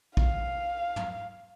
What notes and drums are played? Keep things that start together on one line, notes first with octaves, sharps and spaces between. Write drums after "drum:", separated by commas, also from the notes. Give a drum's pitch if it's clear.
F5, drum: kick A#1
drum: tom